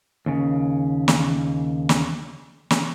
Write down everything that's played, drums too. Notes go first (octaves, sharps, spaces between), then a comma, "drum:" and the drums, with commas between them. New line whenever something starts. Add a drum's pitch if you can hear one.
D#2 C#3
drum: snare
drum: snare
drum: snare